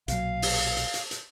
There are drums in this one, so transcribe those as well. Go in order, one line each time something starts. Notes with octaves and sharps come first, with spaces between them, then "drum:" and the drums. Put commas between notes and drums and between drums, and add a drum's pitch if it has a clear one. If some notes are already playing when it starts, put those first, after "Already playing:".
B1 A#2 F#3 F5, drum: hi-hat
drum: open hi-hat
drum: hi-hat
drum: hi-hat
drum: hi-hat